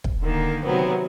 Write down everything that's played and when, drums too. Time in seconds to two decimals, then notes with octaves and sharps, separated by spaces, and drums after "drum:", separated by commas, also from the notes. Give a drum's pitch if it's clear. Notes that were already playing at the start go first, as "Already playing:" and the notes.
0.04 drum: kick
0.21 D3 D#3 A#3
0.63 C3 D#3 F#3 B3 C4